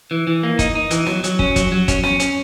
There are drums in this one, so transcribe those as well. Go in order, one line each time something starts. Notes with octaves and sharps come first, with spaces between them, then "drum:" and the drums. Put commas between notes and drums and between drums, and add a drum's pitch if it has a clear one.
E3
E3
A#3
D#4, drum: kick, hi-hat
D#4
E3, drum: hi-hat
F#3, drum: snare
F#3, drum: hi-hat
C#4, drum: kick
F#3, drum: kick, hi-hat
F#3
C#4, drum: kick, hi-hat
C#4, drum: snare
C#4, drum: hi-hat